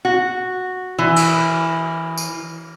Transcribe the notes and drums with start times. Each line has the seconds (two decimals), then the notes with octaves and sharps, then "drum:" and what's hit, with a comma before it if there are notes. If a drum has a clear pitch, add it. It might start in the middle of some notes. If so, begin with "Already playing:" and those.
0.05 F#4
0.98 E3
1.16 drum: cymbal
2.18 drum: tambourine